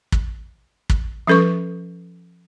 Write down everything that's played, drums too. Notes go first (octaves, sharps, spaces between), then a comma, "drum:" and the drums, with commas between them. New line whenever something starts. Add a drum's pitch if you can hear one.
drum: kick
drum: kick
F3 C#4 A4 B4 C#6